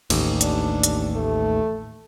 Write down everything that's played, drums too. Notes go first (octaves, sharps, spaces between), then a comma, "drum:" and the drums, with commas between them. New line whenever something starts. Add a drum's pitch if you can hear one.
A1 D#2, drum: cymbal
D4, drum: hi-hat
drum: hi-hat
A3